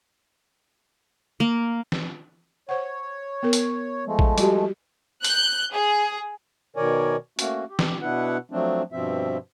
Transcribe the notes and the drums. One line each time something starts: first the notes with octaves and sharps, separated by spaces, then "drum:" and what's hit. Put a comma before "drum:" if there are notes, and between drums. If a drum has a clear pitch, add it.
A#3
drum: snare
C5 C#5 F#5
B3 A#4
drum: hi-hat
F3 G#3 A3
drum: kick A1
G3 F#4 G4, drum: hi-hat
F#6 G6, drum: hi-hat
G#4
B2 D#3 A#4 C#5 D5 G#5
A3 A#3 C#4 F#4, drum: hi-hat
G4
drum: snare
B2 B3 D4 E4 B4 F#5
F3 F#3 A3 C4 D4
G2 B2 F3 C4 E5